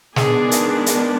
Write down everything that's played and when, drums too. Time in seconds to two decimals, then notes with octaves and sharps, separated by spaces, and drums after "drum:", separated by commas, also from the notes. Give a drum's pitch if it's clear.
0.16 D#3 G#3 B3 D4 G#4, drum: snare
0.51 drum: hi-hat
0.86 drum: hi-hat